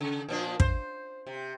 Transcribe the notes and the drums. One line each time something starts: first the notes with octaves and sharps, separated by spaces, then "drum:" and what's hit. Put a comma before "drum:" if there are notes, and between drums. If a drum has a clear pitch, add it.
C#3
A#2 F3 D4
C5, drum: kick
C3